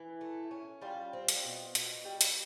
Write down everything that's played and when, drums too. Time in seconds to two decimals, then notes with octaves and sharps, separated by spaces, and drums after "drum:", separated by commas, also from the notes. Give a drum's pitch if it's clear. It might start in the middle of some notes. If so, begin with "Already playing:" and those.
Already playing: E3 E4
0.21 A3
0.51 C#4
0.81 G3 F4
1.13 C4
1.28 drum: hi-hat
1.44 B2
1.75 B2, drum: hi-hat
2.05 G3
2.21 drum: hi-hat